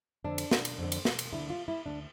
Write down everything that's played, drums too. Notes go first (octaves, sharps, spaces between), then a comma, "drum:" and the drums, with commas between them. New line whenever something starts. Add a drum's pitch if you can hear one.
F2 D3 D4
drum: cymbal
drum: snare
drum: cymbal
F2 D3
drum: cymbal
drum: snare
drum: cymbal
D2 D3 E4
F4
E4
D2 D3 D4